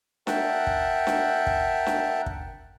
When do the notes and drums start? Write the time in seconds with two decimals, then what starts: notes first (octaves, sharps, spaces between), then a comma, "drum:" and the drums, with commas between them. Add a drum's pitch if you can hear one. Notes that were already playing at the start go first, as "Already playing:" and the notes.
0.27 A#4 E5 F#5 G5 A5, drum: snare D4
0.67 drum: kick
1.07 drum: snare D4
1.47 drum: kick
1.86 drum: snare D4
2.26 drum: kick